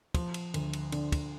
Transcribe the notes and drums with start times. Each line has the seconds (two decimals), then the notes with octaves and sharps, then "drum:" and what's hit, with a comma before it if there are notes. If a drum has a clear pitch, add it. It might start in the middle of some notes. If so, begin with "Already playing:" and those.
0.14 F3, drum: kick, cymbal
0.34 drum: cymbal
0.54 D2, drum: cymbal
0.73 drum: cymbal
0.92 D3, drum: cymbal
1.12 drum: kick, cymbal